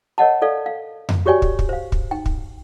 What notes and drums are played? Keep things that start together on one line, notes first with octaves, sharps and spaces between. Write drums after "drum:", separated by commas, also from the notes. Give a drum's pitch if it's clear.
A#4 C#5 D#5 F#5 A5
A4 D5 F5
F5
drum: tom F2
F#4 G4 C#5 D5 G5 G#5
drum: kick
drum: kick
C5 F5
drum: kick
D#4 G5
drum: kick